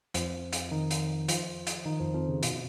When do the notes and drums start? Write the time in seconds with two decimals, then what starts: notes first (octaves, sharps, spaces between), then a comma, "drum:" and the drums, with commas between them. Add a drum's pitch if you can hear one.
0.14 F2 F3, drum: hi-hat
0.53 drum: hi-hat
0.72 D#3 D#4
0.91 drum: hi-hat
1.29 F3 F4, drum: hi-hat
1.67 drum: hi-hat
1.86 D#3 D#4
2.00 F2 F3
2.14 F2 F3
2.29 C#3
2.43 B2, drum: hi-hat